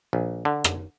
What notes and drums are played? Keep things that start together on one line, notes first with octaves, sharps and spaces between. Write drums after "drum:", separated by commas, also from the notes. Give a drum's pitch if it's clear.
A#1
D3
drum: rim click